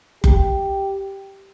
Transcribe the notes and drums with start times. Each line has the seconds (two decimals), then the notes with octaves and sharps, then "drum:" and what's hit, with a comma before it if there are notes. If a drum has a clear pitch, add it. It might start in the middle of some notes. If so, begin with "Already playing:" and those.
0.24 G4, drum: kick F#1